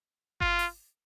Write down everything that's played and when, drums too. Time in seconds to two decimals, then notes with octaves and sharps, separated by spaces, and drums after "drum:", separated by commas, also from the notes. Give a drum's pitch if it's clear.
0.41 F4, drum: kick G1
0.59 drum: open hi-hat